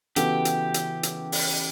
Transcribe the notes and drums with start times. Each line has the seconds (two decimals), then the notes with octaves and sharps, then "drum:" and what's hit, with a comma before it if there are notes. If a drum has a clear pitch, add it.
0.16 C#3 E3 B3 F#4 G4 A4, drum: hi-hat
0.45 drum: hi-hat
0.74 drum: hi-hat
1.03 drum: hi-hat
1.32 drum: open hi-hat